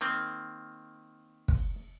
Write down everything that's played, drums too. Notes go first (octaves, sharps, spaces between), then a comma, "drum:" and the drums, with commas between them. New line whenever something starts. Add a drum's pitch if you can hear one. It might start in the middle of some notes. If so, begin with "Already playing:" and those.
D#3 A#3 C4
drum: kick